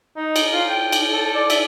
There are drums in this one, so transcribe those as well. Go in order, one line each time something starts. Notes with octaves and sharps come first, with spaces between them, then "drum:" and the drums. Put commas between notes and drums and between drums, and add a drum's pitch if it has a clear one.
D#4
drum: cymbal
F4
G5
drum: cymbal
A4
D5
E5, drum: cymbal